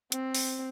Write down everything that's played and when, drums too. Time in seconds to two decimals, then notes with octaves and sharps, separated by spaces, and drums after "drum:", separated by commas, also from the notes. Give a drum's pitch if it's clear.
0.12 C4, drum: hi-hat
0.35 drum: open hi-hat